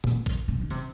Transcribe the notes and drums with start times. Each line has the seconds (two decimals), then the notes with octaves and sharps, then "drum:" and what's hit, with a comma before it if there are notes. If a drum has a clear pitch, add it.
0.04 A#2, drum: tom
0.26 drum: kick, hi-hat
0.48 C3
0.61 D#3
0.70 C3, drum: open hi-hat